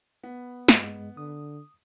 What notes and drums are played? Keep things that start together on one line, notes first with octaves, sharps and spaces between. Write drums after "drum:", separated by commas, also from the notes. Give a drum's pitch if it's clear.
B3
G2 G#3, drum: snare
D3 D#6